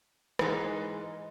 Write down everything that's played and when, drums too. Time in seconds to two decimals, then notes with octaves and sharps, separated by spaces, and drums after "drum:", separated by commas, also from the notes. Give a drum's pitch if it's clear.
0.39 G#2 E3 G#3 D#4, drum: rim click